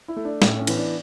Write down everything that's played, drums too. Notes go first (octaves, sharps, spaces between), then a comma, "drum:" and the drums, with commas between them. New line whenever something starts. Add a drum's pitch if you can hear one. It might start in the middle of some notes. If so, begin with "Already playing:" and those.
E4
A3
D4
A2 C#4, drum: snare
C#4
E3 B3, drum: cymbal
D4